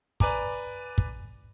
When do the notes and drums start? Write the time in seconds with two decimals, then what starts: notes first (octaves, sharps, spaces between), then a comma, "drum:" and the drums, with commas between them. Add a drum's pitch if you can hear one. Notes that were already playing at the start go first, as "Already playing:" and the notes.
0.20 B4 D5 G#5 A#5 D6, drum: kick
0.98 drum: kick